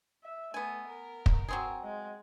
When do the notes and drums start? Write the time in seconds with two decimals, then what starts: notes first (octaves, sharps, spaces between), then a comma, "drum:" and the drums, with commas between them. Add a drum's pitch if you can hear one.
0.24 E5
0.54 A3 B3 G#5
0.88 A#4
1.26 drum: kick
1.48 F#3 C4 G#4
1.83 G#3